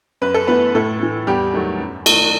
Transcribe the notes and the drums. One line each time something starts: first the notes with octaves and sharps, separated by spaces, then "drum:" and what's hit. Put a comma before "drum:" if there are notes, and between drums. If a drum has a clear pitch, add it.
F#2 B4
A4
E3 A3 B3 B4
A2 A3 A4
E3 A3
E2 G3 G4
D#3 F#3 A3
F#2
D#3 A3, drum: cymbal